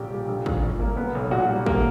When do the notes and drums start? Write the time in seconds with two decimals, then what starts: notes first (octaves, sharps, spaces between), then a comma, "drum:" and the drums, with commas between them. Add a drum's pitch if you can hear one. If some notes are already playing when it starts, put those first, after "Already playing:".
Already playing: A#1 A#2 G4
0.11 G3, drum: tom B2
0.28 A#1
0.46 A#1, drum: kick
0.63 A#2
0.80 A#3
0.97 B3
1.15 B1
1.31 A#2 F#4
1.50 G3
1.66 A#3, drum: kick